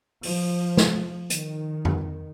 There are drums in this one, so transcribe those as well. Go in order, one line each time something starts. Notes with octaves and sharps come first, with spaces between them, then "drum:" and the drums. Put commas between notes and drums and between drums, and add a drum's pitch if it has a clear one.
F3, drum: open hi-hat
drum: snare
D#3, drum: hi-hat
drum: tom F2